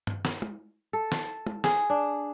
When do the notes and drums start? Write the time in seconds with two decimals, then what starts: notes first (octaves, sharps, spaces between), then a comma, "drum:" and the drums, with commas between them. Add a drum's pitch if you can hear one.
0.07 drum: tom
0.25 drum: snare
0.42 drum: tom
0.93 A4
1.12 drum: snare
1.47 drum: tom
1.64 G#4, drum: snare
1.90 D4